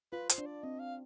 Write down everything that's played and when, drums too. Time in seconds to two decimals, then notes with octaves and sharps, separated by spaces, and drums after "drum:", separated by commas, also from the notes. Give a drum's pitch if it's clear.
0.12 F4 B4
0.29 C5, drum: hi-hat
0.38 D4
0.46 D5
0.63 C4 D#5
0.80 F5